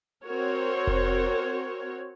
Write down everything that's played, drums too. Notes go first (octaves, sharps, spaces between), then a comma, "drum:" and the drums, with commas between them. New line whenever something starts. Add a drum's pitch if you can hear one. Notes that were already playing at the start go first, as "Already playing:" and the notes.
C4 F#4 A#4 C#5
drum: kick F1